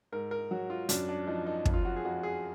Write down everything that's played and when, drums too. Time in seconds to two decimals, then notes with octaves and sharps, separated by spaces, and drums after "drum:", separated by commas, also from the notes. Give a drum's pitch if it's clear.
0.12 G#2 A#4
0.31 A#4
0.51 F#3 F#4
0.70 F4
0.89 F#2 D4, drum: hi-hat
1.09 D4
1.27 F3 D#4
1.47 D#4
1.65 F2, drum: kick
1.73 F4
1.85 F#4
1.96 G#4
2.04 F2 F#4
2.23 G#4